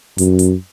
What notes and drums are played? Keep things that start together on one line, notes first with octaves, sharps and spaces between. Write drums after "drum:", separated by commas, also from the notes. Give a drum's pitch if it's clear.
F#2, drum: hi-hat
drum: hi-hat